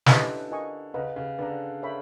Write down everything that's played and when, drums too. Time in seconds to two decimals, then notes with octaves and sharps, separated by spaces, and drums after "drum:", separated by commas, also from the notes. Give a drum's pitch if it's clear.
0.06 D3 C#4 E4 G4 B4 D#5, drum: snare
0.50 F4 A#4 D#5 G#5 C#6
0.94 C#3 B4 D#5 F#5 A#5
1.16 C#3
1.38 D3 B4 D5 F#5 A#5
1.82 A#4 C#5 E5 G5 B5